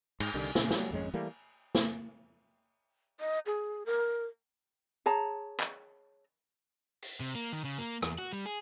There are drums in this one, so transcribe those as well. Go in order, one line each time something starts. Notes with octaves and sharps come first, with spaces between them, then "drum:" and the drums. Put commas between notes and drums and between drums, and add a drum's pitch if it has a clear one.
G#2, drum: cymbal
C2 D3 D#3 G3
A#2 C#3, drum: snare
F#3 G3 C4, drum: snare
G#1 F2 G#3 C#4
E3 G3 A3 A#3
drum: snare
D#5
G#4
A#4
G#4 C#5 A5 A#5
drum: clap
drum: open hi-hat
C3
A#3
D#3
C#3
A#3
E2, drum: rim click
F#4
G3
G#4